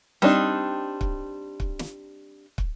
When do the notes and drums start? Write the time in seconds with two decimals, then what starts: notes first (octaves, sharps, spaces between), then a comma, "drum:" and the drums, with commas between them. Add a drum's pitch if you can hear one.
0.22 G3 C4 D4 D#4, drum: snare
1.01 drum: kick
1.60 drum: kick
1.79 drum: snare
2.58 drum: kick